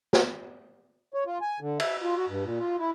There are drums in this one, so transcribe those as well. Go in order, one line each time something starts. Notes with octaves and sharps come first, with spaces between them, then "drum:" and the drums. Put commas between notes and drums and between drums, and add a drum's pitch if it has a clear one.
drum: snare
C#5
F4
G#5
D3
E5, drum: cymbal
F4
F#4
G2
A#2
F4
E4